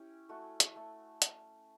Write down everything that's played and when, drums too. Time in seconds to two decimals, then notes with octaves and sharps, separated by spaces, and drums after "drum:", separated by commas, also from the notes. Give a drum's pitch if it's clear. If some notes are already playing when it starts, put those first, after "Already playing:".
Already playing: C#4 E4 G4
0.29 A3 F#4
0.60 drum: hi-hat
0.76 A3
1.22 drum: hi-hat